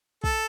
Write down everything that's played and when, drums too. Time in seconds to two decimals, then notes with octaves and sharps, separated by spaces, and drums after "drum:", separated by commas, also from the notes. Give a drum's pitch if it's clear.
0.24 A4, drum: kick